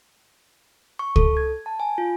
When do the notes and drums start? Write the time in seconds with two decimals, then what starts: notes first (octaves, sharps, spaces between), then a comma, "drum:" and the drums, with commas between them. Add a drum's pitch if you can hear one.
0.99 C#6
1.16 A4, drum: kick C#2
1.37 G#6
1.66 A5
1.80 G#5
1.98 F4